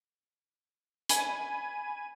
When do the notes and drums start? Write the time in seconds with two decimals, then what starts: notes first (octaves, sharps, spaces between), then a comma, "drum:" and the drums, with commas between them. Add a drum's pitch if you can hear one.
1.09 G#5 B5 G#6 D#7, drum: hi-hat